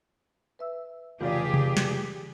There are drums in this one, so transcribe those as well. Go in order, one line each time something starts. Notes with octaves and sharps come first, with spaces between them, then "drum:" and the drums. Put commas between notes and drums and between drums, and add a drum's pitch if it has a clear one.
B4 E5 E6
F1 C#3 E3 F4 G4 G#4 D5
drum: tom C3
drum: snare